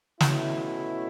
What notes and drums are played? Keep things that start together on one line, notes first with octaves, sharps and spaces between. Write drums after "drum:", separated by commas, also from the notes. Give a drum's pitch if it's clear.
B2 A3 C#4 E4, drum: snare